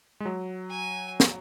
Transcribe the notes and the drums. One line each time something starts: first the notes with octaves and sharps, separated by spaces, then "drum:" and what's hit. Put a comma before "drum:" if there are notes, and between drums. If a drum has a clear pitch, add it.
G#3
F#3
G#5
drum: snare